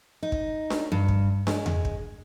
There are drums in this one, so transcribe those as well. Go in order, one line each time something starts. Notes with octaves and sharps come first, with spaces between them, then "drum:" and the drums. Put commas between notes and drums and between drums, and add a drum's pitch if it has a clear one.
D#4
drum: kick
drum: snare D4
G2
drum: kick
G#3, drum: snare D4
drum: tom E2
drum: kick